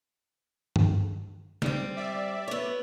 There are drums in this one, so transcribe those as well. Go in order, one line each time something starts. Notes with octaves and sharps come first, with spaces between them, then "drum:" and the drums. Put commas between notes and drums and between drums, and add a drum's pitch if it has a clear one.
drum: tom
G3 C4, drum: snare
D5 E5
B3 C#5